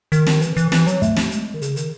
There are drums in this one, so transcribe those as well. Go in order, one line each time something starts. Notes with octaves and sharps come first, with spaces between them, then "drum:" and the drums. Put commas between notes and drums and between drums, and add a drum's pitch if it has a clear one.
D#3, drum: hi-hat
drum: snare
E3, drum: hi-hat
E3, drum: hi-hat
E3, drum: snare
F#3, drum: hi-hat
A3, drum: kick, hi-hat
drum: snare
G#3, drum: hi-hat
D#3
C#3, drum: hi-hat
D#3, drum: hi-hat